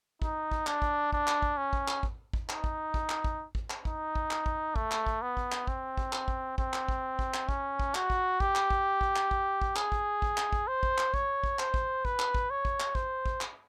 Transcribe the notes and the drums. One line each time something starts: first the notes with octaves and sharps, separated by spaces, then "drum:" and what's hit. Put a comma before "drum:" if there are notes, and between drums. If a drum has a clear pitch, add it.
D#4, drum: kick
drum: kick
D4, drum: clap
drum: kick
D4, drum: kick
drum: clap
drum: kick
C#4
drum: kick
drum: clap
drum: kick
drum: kick
D#4, drum: clap
drum: kick
drum: kick
drum: clap
drum: kick
drum: kick
drum: clap
D#4, drum: kick
drum: kick
drum: clap
drum: kick
A3, drum: kick
drum: clap
drum: kick
B3
drum: kick
drum: clap
C4, drum: kick
drum: kick
drum: clap
drum: kick
C4, drum: kick
drum: clap
drum: kick
drum: kick
drum: clap
C#4, drum: kick
drum: kick
F#4, drum: clap
drum: kick
G4, drum: kick
drum: clap
drum: kick
drum: kick
drum: clap
drum: kick
drum: kick
G#4, drum: clap
drum: kick
drum: kick
drum: clap
drum: kick
C5
drum: kick
drum: clap
C#5, drum: kick
drum: kick
C5, drum: clap
drum: kick
B4, drum: kick
drum: clap
drum: kick
C#5
drum: kick
drum: clap
C5, drum: kick
drum: kick
drum: clap